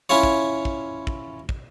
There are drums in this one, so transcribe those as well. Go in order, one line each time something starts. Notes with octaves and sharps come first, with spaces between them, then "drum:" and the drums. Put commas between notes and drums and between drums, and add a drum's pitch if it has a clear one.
C#4 E4 F4 C#5
drum: kick
drum: kick
drum: kick
drum: kick